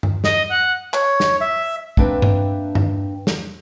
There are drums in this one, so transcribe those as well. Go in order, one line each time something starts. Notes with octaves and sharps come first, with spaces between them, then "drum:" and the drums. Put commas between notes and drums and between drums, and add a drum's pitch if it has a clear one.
drum: tom G2
D#5, drum: snare
F#5
C#5, drum: clap
drum: snare
E5
A#3 C4 D4 B4 E5 G5, drum: kick
drum: tom G2
drum: tom G2
drum: snare